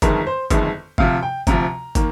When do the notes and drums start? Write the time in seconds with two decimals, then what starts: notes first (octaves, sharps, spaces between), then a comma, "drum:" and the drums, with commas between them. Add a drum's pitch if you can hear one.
0.02 G1 F2 D#3 G#3 A#4, drum: kick, hi-hat
0.27 C5
0.51 G1 F2 D#3 G#3, drum: kick, hi-hat
0.98 D2 C3 F3 F5, drum: kick
1.23 G5
1.47 D2 C3 F3 A#5, drum: kick, hi-hat
1.95 D#3 A#3, drum: kick, hi-hat